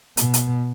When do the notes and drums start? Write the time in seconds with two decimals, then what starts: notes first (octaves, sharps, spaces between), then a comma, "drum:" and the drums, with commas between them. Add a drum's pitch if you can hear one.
0.17 B2, drum: hi-hat
0.34 drum: hi-hat